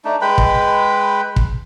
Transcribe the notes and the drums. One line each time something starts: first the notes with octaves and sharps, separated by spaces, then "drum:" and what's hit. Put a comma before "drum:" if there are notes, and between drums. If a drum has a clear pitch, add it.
A3 D4 D#4
G#3 B4 G5 B5
drum: kick
drum: kick